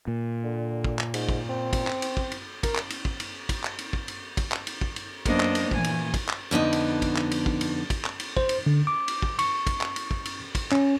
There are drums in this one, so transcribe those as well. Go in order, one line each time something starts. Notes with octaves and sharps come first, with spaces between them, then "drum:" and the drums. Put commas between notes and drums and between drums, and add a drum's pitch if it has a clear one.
A#2
D3
drum: kick
drum: clap
G#2, drum: cymbal
drum: kick
C4
drum: kick, cymbal
drum: clap
drum: cymbal
drum: kick
drum: cymbal
A#4, drum: kick, cymbal
drum: clap
drum: cymbal
drum: kick
drum: cymbal
drum: kick, cymbal
drum: clap
drum: cymbal
drum: kick
drum: cymbal
drum: kick, cymbal
drum: clap
drum: cymbal
drum: kick
drum: cymbal
F#2 A#3 B3 D4 C5 D#5, drum: kick, cymbal
drum: clap
drum: cymbal
A#2 E3 G#5, drum: kick
drum: cymbal
drum: kick, cymbal
drum: clap
F2 D3 B3 D#4
drum: cymbal
drum: kick, cymbal
drum: clap
drum: cymbal
drum: kick
drum: cymbal
drum: kick, cymbal
drum: clap
drum: cymbal
C5, drum: kick
drum: cymbal
D3
D6
drum: cymbal
drum: kick
C#6, drum: cymbal
drum: kick, cymbal
drum: clap
drum: cymbal
drum: kick
drum: cymbal
drum: kick, cymbal
C#4, drum: clap